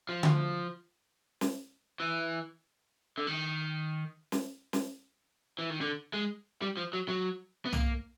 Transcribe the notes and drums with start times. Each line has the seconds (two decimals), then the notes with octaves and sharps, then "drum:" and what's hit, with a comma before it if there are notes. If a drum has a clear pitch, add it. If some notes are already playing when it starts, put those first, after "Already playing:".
0.09 F3
0.23 drum: tom D3
1.41 drum: snare
2.00 E3
3.18 D3
3.27 D#3
4.32 drum: snare
4.73 drum: snare
5.59 E3
5.70 D#3
5.81 D3
6.13 G#3
6.62 G3
6.77 F3
6.93 F#3
7.08 F#3
7.66 B3
7.73 A#3, drum: tom